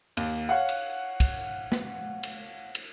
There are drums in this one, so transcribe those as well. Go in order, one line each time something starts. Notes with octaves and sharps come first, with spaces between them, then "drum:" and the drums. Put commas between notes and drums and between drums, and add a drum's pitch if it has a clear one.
D#2, drum: cymbal
C#5 F5 F#5
drum: cymbal
drum: kick, cymbal
drum: snare
drum: cymbal
drum: cymbal